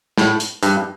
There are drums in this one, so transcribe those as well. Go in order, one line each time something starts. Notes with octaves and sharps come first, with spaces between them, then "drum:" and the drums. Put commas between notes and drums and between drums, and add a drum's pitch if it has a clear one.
A2, drum: snare
drum: hi-hat
G2, drum: hi-hat